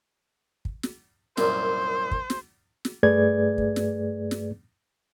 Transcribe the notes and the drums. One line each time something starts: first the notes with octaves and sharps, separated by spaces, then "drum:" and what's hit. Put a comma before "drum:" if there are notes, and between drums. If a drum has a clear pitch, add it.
drum: kick
drum: snare
C2 F#2 A#2 C5, drum: snare
drum: kick
drum: snare
drum: snare
G2 A3 G#4 B4 D5 G#6
drum: kick
drum: snare
drum: snare